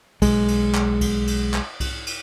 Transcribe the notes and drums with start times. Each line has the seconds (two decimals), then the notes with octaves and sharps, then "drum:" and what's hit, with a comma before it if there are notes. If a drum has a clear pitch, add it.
0.22 B1 G#3, drum: kick C2, cymbal
0.48 drum: cymbal
0.75 drum: clap
1.01 drum: kick C2, cymbal
1.27 drum: cymbal
1.54 drum: clap
1.80 drum: kick C2, cymbal
2.07 drum: cymbal